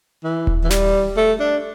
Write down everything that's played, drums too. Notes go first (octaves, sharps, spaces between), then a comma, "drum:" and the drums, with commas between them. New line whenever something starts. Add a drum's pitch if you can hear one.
E3
drum: kick D#1
E3
G3, drum: snare
A3
D4